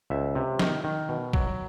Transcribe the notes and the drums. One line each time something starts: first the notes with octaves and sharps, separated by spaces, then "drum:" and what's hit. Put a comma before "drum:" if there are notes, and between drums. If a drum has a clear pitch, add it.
C#2 E5
C3
D#3, drum: snare
D#3
B2
F#3, drum: kick A1